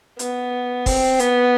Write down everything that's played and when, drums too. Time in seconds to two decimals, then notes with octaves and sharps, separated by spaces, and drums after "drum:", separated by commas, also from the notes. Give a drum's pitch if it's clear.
0.19 B3, drum: hi-hat
0.86 C4, drum: kick, open hi-hat
1.19 B3, drum: hi-hat